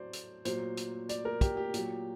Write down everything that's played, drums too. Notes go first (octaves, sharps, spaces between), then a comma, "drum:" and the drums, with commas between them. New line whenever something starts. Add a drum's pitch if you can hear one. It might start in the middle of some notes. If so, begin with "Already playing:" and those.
Already playing: A2 F#3 C5 D5
drum: hi-hat
A#2 F#3 C5, drum: hi-hat
drum: hi-hat
D5, drum: hi-hat
A#4
G4, drum: kick, hi-hat
G4
A#2 F#3, drum: hi-hat